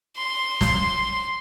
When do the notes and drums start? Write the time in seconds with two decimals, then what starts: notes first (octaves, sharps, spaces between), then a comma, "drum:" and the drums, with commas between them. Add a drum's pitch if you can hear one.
0.17 C6
0.61 drum: snare